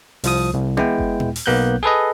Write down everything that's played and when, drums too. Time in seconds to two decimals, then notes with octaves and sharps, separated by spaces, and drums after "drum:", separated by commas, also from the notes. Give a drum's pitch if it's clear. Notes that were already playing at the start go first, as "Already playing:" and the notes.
0.24 C2 F3 D#6, drum: open hi-hat
0.54 C2
0.77 G#3 B3 E4 G5, drum: tom B3
0.98 drum: kick G1
1.20 drum: tom A#2
1.36 drum: open hi-hat
1.46 B1 A#3 B3 F#6 G6
1.83 G#4 A4 B4 D#5